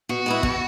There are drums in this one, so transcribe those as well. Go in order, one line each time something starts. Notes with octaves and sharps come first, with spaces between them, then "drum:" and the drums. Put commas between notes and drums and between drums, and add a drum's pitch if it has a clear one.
B2 F#4
G#3 B3 E4
B2, drum: kick